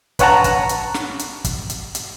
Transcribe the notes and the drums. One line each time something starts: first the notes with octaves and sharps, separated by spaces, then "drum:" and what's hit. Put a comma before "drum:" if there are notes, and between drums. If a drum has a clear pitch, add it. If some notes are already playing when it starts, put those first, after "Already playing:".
B4 C#5 F#5 A5 A#5, drum: kick, hi-hat
drum: kick, hi-hat
drum: hi-hat
drum: snare
drum: hi-hat
drum: kick, hi-hat
drum: hi-hat
drum: hi-hat